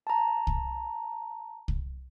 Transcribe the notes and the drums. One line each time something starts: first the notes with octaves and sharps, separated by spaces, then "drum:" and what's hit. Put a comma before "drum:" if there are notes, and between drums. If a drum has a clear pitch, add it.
A5 A#5
drum: kick C2
drum: kick C2